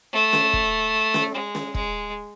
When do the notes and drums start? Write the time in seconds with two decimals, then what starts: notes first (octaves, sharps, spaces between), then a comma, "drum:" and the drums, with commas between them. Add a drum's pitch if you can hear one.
0.13 A3
0.33 drum: snare
0.53 drum: kick
1.14 drum: snare
1.34 G#3
1.55 drum: snare
1.74 G#3, drum: kick